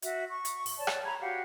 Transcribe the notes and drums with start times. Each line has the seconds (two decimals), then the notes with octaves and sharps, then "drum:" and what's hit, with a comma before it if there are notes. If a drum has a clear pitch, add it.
0.02 F#4 E5, drum: hi-hat
0.28 C#6
0.45 drum: hi-hat
0.66 drum: open hi-hat
0.78 C#5 D5 A5
0.87 drum: rim click
1.04 A#5 B5 G#6
1.21 F#4 G4 F5 F#5